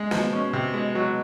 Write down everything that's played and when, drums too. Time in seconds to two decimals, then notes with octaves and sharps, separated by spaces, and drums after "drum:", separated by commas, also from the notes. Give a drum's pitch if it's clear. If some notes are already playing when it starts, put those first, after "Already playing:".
Already playing: G#3
0.11 B2 F3, drum: snare
0.33 C#4
0.53 C3
0.74 G#3
0.95 F#3